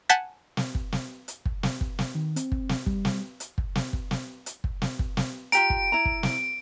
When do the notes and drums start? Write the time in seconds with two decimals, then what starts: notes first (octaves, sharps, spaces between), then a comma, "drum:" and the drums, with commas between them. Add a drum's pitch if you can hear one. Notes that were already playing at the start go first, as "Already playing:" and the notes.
0.09 F#5 G#5 A5 G6 A6 B6
0.57 drum: snare
0.75 drum: kick
0.92 drum: snare
1.28 drum: hi-hat
1.46 drum: kick
1.63 drum: snare
1.81 drum: kick
1.99 drum: snare
2.15 D#3
2.36 C4, drum: hi-hat
2.52 drum: kick
2.69 drum: snare
2.86 G3, drum: kick
3.05 drum: snare
3.40 drum: hi-hat
3.58 drum: kick
3.75 drum: snare
3.93 drum: kick
4.11 drum: snare
4.46 drum: hi-hat
4.64 drum: kick
4.82 drum: snare
4.99 drum: kick
5.17 drum: snare
5.52 F4 G4 A#5 D7, drum: hi-hat
5.70 drum: kick
5.92 E4 A#5
6.05 drum: kick
6.23 drum: snare